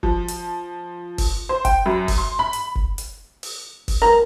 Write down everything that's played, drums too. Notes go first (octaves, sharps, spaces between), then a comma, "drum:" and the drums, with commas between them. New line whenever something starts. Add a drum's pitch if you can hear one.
F3, drum: kick F#1
drum: hi-hat
drum: kick F#1, open hi-hat
C5
G5, drum: kick F#1, hi-hat
F#2
drum: kick F#1, open hi-hat
C6
B5
drum: hi-hat
drum: kick F#1
drum: hi-hat
drum: open hi-hat
drum: kick F#1, open hi-hat
A#4 A#5